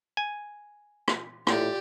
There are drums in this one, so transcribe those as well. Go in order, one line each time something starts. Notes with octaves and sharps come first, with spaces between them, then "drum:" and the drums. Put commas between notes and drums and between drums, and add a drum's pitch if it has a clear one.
G#5
drum: rim click
A2 F4 G4 D5, drum: rim click